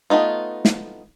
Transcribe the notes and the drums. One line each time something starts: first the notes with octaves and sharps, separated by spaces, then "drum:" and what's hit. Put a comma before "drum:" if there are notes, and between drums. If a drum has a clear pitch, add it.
A3 B3 D#4 F4
drum: snare